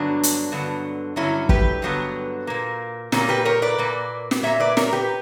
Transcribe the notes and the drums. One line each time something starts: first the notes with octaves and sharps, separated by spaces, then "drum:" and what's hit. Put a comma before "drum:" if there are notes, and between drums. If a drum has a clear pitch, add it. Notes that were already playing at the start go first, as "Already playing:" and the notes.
Already playing: G2 D3 F#3 B3 D4
drum: hi-hat
G2 D3 F#3 B3
G2 D3 F#3 C#4 E4
G4 B4, drum: kick
G2 D3 F#3 B3
A#2 A#3
A#2 A#3 C#4, drum: snare
G4 B4
A#4 C#5
B4 D5
A#2 A#3
drum: snare
A#2 A#3 C#5 E5
B4 D5
A#4 C#5, drum: snare
G4 B4